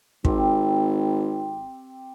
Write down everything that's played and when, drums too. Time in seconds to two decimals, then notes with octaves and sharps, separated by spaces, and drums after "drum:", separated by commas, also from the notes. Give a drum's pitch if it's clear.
0.25 G#1 C4 G4, drum: kick